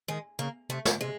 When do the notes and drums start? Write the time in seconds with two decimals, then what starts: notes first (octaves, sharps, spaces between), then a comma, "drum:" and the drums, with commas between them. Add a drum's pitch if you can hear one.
0.08 D#3 G#3
0.39 C#3 A#3
0.69 C3 A3
0.85 drum: snare
1.01 C3 G#3